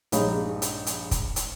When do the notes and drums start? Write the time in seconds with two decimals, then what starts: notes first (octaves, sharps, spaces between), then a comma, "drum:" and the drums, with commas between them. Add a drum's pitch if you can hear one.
0.12 A#1 G2 G#3 D#4 C#5 B5, drum: hi-hat
0.62 drum: hi-hat
0.87 drum: hi-hat
1.11 drum: kick, hi-hat
1.36 drum: hi-hat